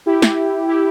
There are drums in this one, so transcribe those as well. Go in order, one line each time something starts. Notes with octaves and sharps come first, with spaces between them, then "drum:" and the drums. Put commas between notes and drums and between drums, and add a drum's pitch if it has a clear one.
E4 G4
drum: snare
E4 G4